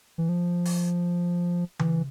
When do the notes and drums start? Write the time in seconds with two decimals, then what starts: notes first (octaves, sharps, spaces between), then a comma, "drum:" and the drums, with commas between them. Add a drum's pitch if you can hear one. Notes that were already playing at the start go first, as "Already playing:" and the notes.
0.18 E3
0.29 F3
0.65 drum: open hi-hat
1.79 E3, drum: tom C#3